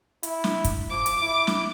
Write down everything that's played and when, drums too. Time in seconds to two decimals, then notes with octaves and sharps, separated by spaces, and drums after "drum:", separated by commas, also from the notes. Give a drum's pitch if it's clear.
0.23 E4, drum: hi-hat
0.44 drum: snare
0.64 drum: kick, hi-hat
0.90 F3 D6
1.06 drum: hi-hat
1.22 E4
1.47 drum: snare